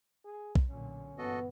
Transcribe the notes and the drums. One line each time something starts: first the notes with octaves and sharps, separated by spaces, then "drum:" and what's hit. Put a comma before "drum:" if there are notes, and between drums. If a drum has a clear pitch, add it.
G#4
drum: kick
B1 A#2 D3 C#4
G1 E3 B3 F#4 A4 D#5